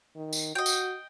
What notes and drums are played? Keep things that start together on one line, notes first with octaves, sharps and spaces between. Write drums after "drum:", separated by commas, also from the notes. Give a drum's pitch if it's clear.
D#3
drum: tambourine
F#4 D#5 G5
drum: tambourine